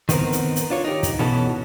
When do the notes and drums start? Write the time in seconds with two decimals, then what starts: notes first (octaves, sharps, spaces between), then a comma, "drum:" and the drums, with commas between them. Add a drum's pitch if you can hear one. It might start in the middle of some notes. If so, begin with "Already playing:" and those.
0.09 D#3 B3 C4 A#4, drum: kick, hi-hat
0.32 drum: hi-hat
0.56 drum: hi-hat
0.70 D4 F4 C#5
0.85 D#4 G4
1.03 drum: kick, hi-hat
1.19 B2 E3 B3 C#4 F#4 A4